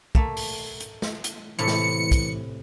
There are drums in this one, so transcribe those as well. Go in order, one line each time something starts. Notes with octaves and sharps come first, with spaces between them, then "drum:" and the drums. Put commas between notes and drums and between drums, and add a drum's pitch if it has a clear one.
A3 A#3, drum: kick
drum: open hi-hat
drum: hi-hat
drum: snare
drum: hi-hat
A2 C3 E3 C#7
drum: snare
drum: kick, hi-hat